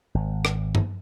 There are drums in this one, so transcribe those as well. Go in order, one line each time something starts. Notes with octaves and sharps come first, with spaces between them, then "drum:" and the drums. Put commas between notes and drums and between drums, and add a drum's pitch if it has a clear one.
G#1
drum: rim click
drum: tom G2